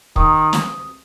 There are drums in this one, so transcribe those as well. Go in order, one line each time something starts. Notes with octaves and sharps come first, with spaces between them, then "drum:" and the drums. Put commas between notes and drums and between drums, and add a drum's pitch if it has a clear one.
D#3 D#6, drum: kick
drum: snare